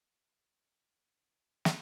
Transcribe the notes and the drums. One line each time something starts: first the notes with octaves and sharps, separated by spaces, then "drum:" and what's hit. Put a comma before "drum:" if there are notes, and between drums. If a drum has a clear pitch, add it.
G4
F4
drum: snare